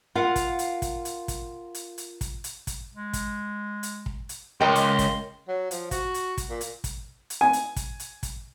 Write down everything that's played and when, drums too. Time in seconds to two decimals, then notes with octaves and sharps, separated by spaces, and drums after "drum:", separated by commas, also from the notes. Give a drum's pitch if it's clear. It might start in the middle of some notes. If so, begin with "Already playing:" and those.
0.15 F4 A#4 F5 F#5
0.36 drum: kick, hi-hat
0.59 drum: hi-hat
0.82 drum: kick, hi-hat
1.05 drum: hi-hat
1.28 drum: kick, hi-hat
1.75 drum: hi-hat
1.98 drum: hi-hat
2.21 drum: kick, hi-hat
2.44 drum: hi-hat
2.67 drum: kick, hi-hat
2.95 G#3
3.13 drum: kick, hi-hat
3.83 drum: hi-hat
4.06 drum: kick
4.29 drum: hi-hat
4.61 C#2 A#4 D#5 G5 C6
4.75 drum: hi-hat
4.99 drum: kick, hi-hat
5.48 F#3
5.71 F3, drum: hi-hat
5.91 F#4, drum: kick, hi-hat
6.14 drum: hi-hat
6.38 drum: kick, hi-hat
6.49 A#2
6.61 drum: hi-hat
6.84 drum: kick, hi-hat
7.30 drum: hi-hat
7.41 G#5
7.53 drum: hi-hat
7.76 drum: kick, hi-hat
8.00 drum: hi-hat
8.23 drum: kick, hi-hat